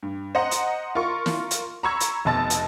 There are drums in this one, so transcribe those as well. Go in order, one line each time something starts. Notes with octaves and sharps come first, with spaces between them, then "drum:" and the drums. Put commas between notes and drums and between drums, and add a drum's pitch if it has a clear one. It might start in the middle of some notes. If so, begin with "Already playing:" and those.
G2
C5 D#5 F#5 A#5
drum: hi-hat
F4 A#4 C#6
drum: snare
drum: hi-hat
A#5 B5 C#6 E6 G#6
drum: hi-hat
F1 B2 D#5 A5 E6 A6
drum: hi-hat